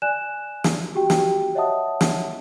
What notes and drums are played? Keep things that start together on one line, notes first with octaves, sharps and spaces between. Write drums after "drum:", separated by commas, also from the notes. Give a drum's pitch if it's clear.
D5 G#5 F#6 E7
drum: snare
F#4 G4 G5
drum: snare
C#5 D#5 E5 F#5 A5 D#6
drum: snare